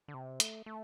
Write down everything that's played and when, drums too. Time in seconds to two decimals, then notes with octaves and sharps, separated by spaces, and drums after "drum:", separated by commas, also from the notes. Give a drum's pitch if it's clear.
0.08 D3
0.14 C3
0.40 A3, drum: hi-hat
0.66 A3